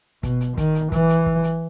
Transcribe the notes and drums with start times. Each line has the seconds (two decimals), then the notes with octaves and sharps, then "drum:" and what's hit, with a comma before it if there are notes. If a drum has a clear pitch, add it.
0.23 B2, drum: kick, hi-hat
0.41 drum: hi-hat
0.58 D#3, drum: kick, hi-hat
0.75 drum: hi-hat
0.92 E3, drum: kick, hi-hat
1.09 drum: hi-hat
1.26 drum: kick
1.43 drum: hi-hat